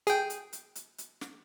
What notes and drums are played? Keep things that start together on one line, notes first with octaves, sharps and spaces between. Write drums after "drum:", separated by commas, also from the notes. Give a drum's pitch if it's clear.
G#4 G5, drum: hi-hat
drum: hi-hat
drum: hi-hat
drum: hi-hat
drum: hi-hat
drum: snare